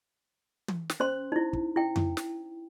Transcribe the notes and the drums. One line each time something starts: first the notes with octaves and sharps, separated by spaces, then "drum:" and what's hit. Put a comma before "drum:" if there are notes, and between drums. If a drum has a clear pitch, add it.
drum: tom
drum: snare
C#4 C5 C6
D#4 E4
drum: kick
E4 G5
drum: tom F2
drum: snare